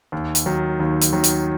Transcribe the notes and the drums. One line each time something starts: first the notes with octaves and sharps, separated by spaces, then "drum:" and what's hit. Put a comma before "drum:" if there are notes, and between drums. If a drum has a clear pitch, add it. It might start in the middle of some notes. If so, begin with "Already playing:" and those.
D#2
drum: hi-hat
D#3 F#3
D#2
drum: hi-hat
D#3 F#3
drum: hi-hat